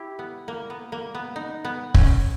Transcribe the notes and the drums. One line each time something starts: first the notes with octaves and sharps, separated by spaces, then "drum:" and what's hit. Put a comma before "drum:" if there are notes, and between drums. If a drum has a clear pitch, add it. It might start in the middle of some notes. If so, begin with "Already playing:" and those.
Already playing: E4 G4
B3
A#3
B3
A#3
B3
D#4
B3
C#4, drum: kick